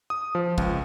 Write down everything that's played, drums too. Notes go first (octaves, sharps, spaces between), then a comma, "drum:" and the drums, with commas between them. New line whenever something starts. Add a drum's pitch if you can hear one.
D#6
F3
C#2, drum: kick